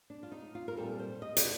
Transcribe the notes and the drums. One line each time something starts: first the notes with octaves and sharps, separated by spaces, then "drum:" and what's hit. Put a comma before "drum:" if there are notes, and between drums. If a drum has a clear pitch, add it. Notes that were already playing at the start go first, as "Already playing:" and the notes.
D4
F4
D#4
F4
A#4
A#2 G3 C4 A4
C5
D#5
D5, drum: hi-hat